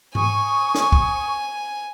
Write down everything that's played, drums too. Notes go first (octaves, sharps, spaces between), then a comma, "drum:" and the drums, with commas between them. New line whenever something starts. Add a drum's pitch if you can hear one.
G#5 C#6 D#6, drum: tom G#2
drum: snare
drum: kick